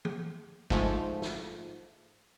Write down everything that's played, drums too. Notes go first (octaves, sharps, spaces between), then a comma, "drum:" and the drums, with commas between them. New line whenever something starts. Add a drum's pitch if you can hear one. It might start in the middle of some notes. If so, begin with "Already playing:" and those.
drum: tom E3
G#2 F3 A3, drum: kick
drum: snare